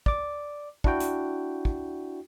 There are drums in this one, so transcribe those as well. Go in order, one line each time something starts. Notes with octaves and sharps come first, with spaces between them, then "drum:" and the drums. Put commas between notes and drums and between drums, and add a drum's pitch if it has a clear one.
D5 D6, drum: kick
D4 E4 F#4 G5, drum: kick
drum: hi-hat
drum: kick